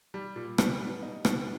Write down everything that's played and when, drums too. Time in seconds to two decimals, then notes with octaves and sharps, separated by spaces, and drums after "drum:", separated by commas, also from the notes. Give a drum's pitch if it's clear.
0.14 G3
0.36 A#2
0.58 G3, drum: rim click
0.80 B3
1.02 D#4
1.25 B3, drum: rim click